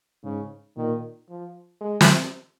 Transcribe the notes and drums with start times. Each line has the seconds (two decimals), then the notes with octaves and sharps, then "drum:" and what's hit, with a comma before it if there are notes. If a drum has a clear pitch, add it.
0.24 G#2 C#3
0.77 A#2 D#3
1.30 F3
1.81 G#3
2.01 drum: snare